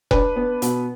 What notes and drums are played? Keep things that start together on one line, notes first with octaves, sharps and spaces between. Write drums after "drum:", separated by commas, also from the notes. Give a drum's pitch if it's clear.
D4 B4, drum: kick F1
B3
B2, drum: hi-hat